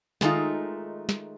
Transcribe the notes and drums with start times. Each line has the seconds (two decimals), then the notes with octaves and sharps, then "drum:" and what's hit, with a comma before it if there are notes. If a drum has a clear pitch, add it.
0.21 D3 D#3 G#3 A3 D#4 F4, drum: snare
1.09 drum: snare